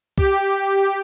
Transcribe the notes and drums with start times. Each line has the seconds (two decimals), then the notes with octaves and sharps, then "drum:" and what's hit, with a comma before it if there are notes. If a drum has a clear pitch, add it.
0.18 G4, drum: kick